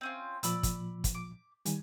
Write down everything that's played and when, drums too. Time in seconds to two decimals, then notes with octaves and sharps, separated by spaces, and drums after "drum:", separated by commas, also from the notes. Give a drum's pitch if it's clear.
0.01 C4 C#4 F4
0.43 A#2 F3 D5 B5 E6, drum: hi-hat
0.63 drum: kick, hi-hat
1.04 drum: kick, hi-hat
1.14 D6
1.65 D#3 G3 G#5, drum: hi-hat